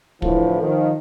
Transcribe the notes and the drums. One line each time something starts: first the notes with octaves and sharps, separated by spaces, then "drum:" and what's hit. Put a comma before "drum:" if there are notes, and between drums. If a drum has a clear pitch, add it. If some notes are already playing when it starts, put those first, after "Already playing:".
A2 D3 E3 F3, drum: kick
D#3 F3